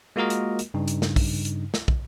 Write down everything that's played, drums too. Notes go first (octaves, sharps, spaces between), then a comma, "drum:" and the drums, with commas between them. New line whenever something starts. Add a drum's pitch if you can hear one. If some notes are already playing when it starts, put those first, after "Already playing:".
G#3 A#3 F4 F#4 A#4 D#5
drum: hi-hat
drum: hi-hat
G2 C#3 D#4
drum: hi-hat
drum: snare
drum: kick, open hi-hat
drum: hi-hat
drum: snare
drum: kick